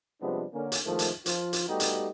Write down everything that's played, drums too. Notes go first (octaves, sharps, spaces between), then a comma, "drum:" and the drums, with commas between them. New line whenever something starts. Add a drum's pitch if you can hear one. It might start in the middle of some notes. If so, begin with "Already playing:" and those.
C3 F3 G3 G#3 B3 D4
D3 A#3 C#4
drum: hi-hat
C2 D#3 F3 G#3 A3
drum: hi-hat
F3 F4, drum: hi-hat
drum: hi-hat
G3 A3 B3 D#4 F#4 G4
drum: hi-hat